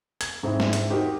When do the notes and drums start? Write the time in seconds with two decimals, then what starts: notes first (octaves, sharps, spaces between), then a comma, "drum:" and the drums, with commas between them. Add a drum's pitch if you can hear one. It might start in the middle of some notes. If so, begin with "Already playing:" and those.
0.21 G#6, drum: hi-hat
0.43 G#2 C4 E4
0.60 drum: snare
0.73 drum: hi-hat
0.90 D#4 F#4 G4 A#4 C5 D#5